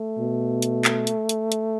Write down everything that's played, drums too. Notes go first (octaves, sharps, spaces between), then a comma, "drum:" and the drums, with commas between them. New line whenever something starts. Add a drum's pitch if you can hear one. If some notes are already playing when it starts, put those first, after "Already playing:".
Already playing: A3
B2
drum: hi-hat
drum: clap
drum: hi-hat
drum: hi-hat
drum: hi-hat